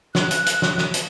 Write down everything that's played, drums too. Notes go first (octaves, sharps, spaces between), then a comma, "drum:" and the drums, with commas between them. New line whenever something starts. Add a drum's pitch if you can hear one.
F#6, drum: snare
drum: hi-hat
drum: hi-hat
drum: snare
drum: snare
drum: hi-hat